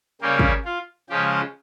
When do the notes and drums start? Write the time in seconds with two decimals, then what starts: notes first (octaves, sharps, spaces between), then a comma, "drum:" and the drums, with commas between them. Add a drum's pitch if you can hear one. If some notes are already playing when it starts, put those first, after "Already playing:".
0.21 C#3 G3 A#3 C#4 G4
0.39 drum: kick
0.65 F4
1.09 C#3 F3 G#3 C#4 G4